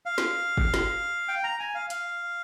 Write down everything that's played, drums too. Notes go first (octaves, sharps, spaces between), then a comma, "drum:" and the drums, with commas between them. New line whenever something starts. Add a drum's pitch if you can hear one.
F5
drum: snare
drum: kick
drum: snare
G5
A#5
G#5
F5
F5, drum: hi-hat